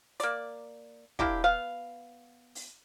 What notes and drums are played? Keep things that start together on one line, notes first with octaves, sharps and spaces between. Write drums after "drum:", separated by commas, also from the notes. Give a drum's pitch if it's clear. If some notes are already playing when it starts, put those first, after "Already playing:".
A#3 D5, drum: hi-hat
A#3 D4 E4 G4, drum: kick
B3 F5
drum: open hi-hat